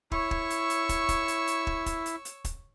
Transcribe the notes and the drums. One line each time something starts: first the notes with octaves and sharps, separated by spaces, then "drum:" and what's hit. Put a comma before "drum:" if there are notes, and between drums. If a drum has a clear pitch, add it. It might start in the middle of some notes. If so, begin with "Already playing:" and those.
E4 C#5 C#6 E6, drum: kick
drum: kick
drum: hi-hat
drum: hi-hat
drum: kick, hi-hat
drum: kick, hi-hat
drum: hi-hat
drum: hi-hat
drum: kick
drum: kick, hi-hat
drum: hi-hat
drum: hi-hat
drum: kick, hi-hat